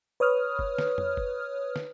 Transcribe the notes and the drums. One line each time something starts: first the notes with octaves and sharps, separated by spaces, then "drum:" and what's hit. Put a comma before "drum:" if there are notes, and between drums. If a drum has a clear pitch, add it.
B4 C#5 D#6 F6
drum: kick F#1
drum: snare
drum: tom F2
drum: kick F#1
drum: snare